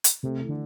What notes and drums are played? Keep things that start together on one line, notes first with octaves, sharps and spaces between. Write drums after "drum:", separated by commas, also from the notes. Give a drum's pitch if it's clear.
drum: hi-hat
C3 A3
E3
D3